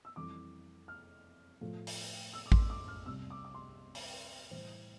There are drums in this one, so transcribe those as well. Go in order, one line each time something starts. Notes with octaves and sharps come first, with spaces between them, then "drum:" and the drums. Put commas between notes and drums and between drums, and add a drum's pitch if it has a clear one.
E6
F2 E3 G3 D6
F6
A2 F3 A3
drum: open hi-hat
E6
D6
C6, drum: kick A1
D6
F6
C2 C3 G3 E6
D6
D6
C6
drum: open hi-hat
A2 E3 G3 C5